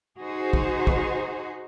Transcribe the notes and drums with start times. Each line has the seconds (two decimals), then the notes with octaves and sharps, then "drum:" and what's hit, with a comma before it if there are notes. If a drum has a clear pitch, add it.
0.20 D#4 F#4 G#4 C5
0.53 drum: kick
0.87 drum: kick